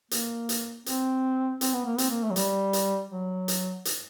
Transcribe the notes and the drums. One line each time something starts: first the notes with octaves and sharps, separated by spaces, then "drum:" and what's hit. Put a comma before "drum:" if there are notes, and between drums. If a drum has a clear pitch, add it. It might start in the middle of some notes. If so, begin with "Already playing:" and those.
A#3, drum: hi-hat
drum: hi-hat
C4, drum: hi-hat
C4, drum: hi-hat
B3
A#3
C4, drum: hi-hat
A#3
A3
F#3
G3, drum: hi-hat
drum: hi-hat
F#3
drum: hi-hat
drum: hi-hat